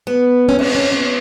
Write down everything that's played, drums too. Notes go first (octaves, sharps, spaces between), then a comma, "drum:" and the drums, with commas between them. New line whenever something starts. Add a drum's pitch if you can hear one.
B3
C#4
B3, drum: cymbal
C#4
B3